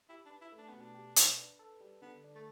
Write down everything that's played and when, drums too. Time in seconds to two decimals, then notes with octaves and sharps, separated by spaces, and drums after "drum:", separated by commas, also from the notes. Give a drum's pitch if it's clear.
0.09 E4 G4
0.25 D4
0.30 B4
0.41 E4
0.52 A3
0.58 D4
0.69 B2 B3
0.81 D4
0.94 G4
1.16 B4, drum: hi-hat
1.38 D4
1.59 A4
1.81 G3
2.02 D3 B3
2.24 D4
2.35 A3